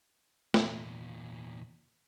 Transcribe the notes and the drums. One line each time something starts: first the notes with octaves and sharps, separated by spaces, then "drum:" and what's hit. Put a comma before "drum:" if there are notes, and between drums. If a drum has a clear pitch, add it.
E2 A#2, drum: snare